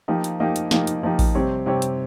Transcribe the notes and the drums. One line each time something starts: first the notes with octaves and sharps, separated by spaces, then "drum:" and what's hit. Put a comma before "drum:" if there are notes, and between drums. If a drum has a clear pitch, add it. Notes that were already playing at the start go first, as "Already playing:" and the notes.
F3 A#3 D#4 G4
drum: hi-hat
F3 A#3 D#4 G4
drum: hi-hat
F3 A#3 D#4 G4, drum: snare
drum: hi-hat
F3 A#3 D#4 G4
drum: kick A1, open hi-hat
C3 G3 C4 G4 C#5
C3 G3 C4 G4 C#5
drum: hi-hat